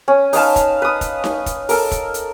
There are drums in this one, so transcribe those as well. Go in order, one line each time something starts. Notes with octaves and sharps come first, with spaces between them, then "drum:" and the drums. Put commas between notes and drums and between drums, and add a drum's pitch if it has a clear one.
C#4
D#4 B4 F5 A5, drum: open hi-hat
drum: kick, hi-hat
B4 D#6
drum: kick, hi-hat
drum: snare D#4
drum: kick, hi-hat
A4 A#4, drum: open hi-hat
drum: kick, hi-hat
drum: hi-hat